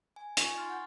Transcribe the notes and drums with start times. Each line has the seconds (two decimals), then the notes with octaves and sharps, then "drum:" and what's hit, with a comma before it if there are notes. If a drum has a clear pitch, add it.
0.16 G#5
0.37 D#4 F4 G#5 C#6, drum: hi-hat
0.56 C6 F6 A6
0.70 F#5 G6